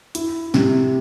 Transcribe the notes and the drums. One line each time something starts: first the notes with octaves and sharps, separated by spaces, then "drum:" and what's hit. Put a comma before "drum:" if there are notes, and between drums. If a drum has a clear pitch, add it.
E4, drum: hi-hat
C3, drum: snare